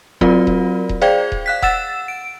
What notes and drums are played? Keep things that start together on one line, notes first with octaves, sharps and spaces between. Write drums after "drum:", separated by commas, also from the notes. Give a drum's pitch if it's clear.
F#3 C4 F4 F#4 A#4 D5, drum: kick D#1
drum: kick D#1
drum: kick D#1
G#4 C5 D5 F5 G5 G#6
drum: kick D#1
F5 F#6 B6
F#5 E6 A6 E7, drum: kick D#1
D7